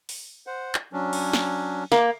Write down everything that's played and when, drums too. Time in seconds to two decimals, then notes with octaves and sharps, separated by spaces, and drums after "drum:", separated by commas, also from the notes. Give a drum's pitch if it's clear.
0.09 drum: open hi-hat
0.47 C5 F#5
0.75 drum: clap
0.93 F#3 C#4 D4
1.13 drum: cymbal
1.33 drum: snare
1.92 A#3, drum: snare